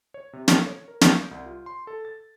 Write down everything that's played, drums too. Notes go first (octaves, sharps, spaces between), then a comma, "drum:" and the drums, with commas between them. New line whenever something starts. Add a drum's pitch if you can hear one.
C#5
C3
A4, drum: snare
C#5
A#4
G6, drum: snare
C2
F4
C6
A4
A6